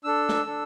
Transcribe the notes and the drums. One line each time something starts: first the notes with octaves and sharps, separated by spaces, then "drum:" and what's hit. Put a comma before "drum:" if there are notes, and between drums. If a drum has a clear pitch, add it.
D4 A4 E6
drum: snare
D4 A4